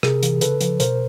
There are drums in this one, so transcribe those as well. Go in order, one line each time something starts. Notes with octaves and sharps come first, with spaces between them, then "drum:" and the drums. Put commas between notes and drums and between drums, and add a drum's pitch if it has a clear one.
C3 G#4 A#4, drum: rim click
E3, drum: hi-hat
C#3 A4 B4, drum: hi-hat
F3, drum: hi-hat
B2 A#4 C5, drum: hi-hat